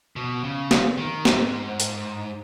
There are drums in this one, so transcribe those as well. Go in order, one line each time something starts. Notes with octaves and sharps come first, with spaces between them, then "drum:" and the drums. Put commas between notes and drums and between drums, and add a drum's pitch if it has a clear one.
B2
C#3
drum: snare
D#3
G#2, drum: snare
drum: hi-hat